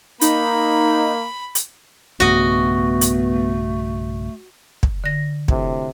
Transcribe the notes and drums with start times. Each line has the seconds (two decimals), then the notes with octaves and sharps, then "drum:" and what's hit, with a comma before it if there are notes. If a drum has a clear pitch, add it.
0.21 A#3 D#4 B5, drum: hi-hat
1.55 drum: hi-hat
2.20 B1 G2 C#3 A3 B3 F#4 D#5
3.01 drum: hi-hat
4.83 drum: kick
5.04 D3 A#6
5.48 D2 A2 C3, drum: kick